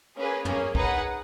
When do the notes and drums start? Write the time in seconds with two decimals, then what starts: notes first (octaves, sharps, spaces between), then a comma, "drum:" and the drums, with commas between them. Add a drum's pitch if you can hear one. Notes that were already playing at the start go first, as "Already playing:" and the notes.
0.16 A#3 C#4 G#4 B4
0.45 A#3 C#4 G#4 C#5, drum: tom
0.75 D#4 G#4 B4 F#5, drum: kick